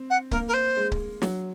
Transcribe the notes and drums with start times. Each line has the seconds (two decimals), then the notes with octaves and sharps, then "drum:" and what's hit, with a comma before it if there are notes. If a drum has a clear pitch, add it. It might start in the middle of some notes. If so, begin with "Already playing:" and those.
Already playing: C4
0.10 F#5
0.31 A#3 A#4, drum: kick C#1
0.48 A#4
0.54 C5
0.77 G#3
0.92 drum: kick C#1
1.22 F#3, drum: snare